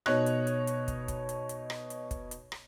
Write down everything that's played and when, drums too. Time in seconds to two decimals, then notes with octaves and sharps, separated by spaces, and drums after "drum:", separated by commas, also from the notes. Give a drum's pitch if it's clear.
0.06 B2 D#4 C#5 F#6, drum: rim click
0.26 drum: hi-hat
0.47 drum: hi-hat
0.67 drum: hi-hat
0.88 drum: kick, hi-hat
1.08 drum: kick, hi-hat
1.29 drum: hi-hat
1.49 drum: hi-hat
1.70 drum: rim click
1.90 drum: hi-hat
2.11 drum: kick, hi-hat
2.31 drum: hi-hat
2.52 drum: rim click